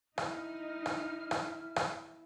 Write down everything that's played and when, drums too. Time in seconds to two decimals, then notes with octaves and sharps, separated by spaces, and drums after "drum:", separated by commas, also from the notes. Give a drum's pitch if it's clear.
0.18 D#4 E4 F6, drum: rim click
0.86 drum: rim click
1.31 drum: rim click
1.76 drum: rim click